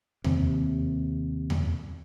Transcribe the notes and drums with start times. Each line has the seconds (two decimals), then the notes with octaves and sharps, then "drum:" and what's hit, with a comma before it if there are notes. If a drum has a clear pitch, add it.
0.24 D#2 C3, drum: tom E2
1.50 drum: tom E2